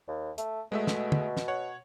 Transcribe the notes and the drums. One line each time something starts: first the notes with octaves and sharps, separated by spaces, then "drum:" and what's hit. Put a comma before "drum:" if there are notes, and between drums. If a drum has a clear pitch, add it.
D#2
A3, drum: hi-hat
B2 G#3 A3 E5
drum: snare
drum: tom
drum: snare
C#5 F#5